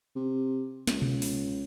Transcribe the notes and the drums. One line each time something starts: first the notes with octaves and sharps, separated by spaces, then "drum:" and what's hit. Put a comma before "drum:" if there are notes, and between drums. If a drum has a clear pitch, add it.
C3
C#2, drum: snare
drum: tom B2
drum: open hi-hat